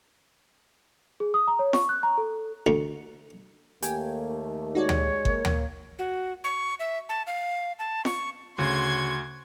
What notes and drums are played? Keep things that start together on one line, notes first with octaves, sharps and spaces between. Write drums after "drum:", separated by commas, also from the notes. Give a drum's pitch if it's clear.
G#4
D#6
A#5
C#5
C#6, drum: snare
F#6
A#5
A4
D2
D#2 A3 A#3 G4 G5 G#5, drum: hi-hat
G#3 D#4 F#4 C#5 D5
drum: tom D2
A#3, drum: kick G1
drum: tom D2
F#4
C#6
E5
A5
F5
A5
C#6, drum: snare
D2 C#3 F#4 C6 G#6